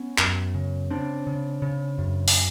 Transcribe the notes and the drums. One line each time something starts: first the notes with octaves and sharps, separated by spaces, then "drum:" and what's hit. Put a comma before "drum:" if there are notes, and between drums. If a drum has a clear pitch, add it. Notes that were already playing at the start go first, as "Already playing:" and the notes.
Already playing: B3 C#4
F#2, drum: clap
C#3
C#3 C4 D4
C#3
C#3
F#2
drum: open hi-hat